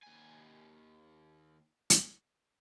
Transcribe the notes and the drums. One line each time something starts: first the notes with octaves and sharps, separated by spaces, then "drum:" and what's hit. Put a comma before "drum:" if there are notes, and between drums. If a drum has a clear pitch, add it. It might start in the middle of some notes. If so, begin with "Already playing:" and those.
D#2 G#5
drum: hi-hat